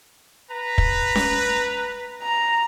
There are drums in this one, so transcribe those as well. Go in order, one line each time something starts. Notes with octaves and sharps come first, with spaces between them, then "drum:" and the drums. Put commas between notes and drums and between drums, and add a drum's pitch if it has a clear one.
B4 A#5
drum: kick
drum: snare C#4
A#5